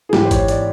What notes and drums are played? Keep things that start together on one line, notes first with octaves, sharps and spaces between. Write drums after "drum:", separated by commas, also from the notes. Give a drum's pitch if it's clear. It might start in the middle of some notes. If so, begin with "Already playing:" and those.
G#4
G#2 E3 G4, drum: snare
C5
C#5, drum: kick G#1, hi-hat
D5, drum: hi-hat